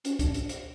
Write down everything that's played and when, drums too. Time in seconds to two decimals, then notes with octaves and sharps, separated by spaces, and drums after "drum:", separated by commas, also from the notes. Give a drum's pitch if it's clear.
0.05 C#4, drum: hi-hat
0.19 D4, drum: kick, hi-hat
0.34 drum: hi-hat
0.49 drum: hi-hat